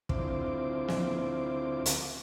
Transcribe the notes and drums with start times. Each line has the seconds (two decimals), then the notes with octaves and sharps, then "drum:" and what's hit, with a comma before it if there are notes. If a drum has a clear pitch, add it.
0.09 D2 C4 E4 F4 C5 D6, drum: kick
0.88 drum: snare
1.86 drum: hi-hat